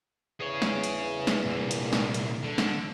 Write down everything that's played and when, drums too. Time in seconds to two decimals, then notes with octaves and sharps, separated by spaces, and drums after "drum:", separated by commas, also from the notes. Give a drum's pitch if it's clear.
0.40 E2 G#4 C#5
0.62 drum: snare
0.84 drum: hi-hat
1.27 drum: snare
1.46 C2 A#2
1.71 drum: hi-hat
1.93 drum: snare
2.14 drum: hi-hat
2.43 D3
2.58 drum: snare